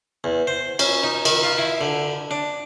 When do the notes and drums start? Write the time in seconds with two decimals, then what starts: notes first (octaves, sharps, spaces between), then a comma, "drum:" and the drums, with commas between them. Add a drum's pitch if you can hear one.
0.24 E2
0.47 C5
0.79 C#4, drum: cymbal
1.04 D#4
1.25 D#3, drum: cymbal
1.43 F4
1.58 E4
1.81 D3
2.31 D4